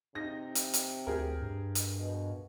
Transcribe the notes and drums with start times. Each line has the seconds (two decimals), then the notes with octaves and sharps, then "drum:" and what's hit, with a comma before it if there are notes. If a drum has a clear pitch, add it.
0.15 C3 D#4 A#6
0.55 drum: hi-hat
0.74 drum: hi-hat
1.07 D2 G4 G#4 A#4
1.41 G2
1.75 drum: hi-hat
1.97 B2